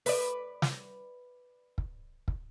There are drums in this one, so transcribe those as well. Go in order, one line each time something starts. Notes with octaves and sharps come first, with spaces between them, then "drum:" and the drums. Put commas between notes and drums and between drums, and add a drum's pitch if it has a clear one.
B4 D5, drum: open hi-hat
drum: snare
drum: kick
drum: kick